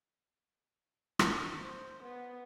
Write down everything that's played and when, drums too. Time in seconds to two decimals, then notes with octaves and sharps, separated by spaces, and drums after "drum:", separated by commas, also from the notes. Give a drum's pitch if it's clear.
1.19 drum: rim click
1.58 C5
2.04 B3